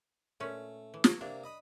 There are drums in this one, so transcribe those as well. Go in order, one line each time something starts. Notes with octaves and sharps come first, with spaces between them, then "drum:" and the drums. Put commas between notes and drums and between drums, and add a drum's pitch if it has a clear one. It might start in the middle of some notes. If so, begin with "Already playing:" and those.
A#2 A3 C#4 B4
E3
drum: snare
C3 A#3 D4
D#5 B5 D#6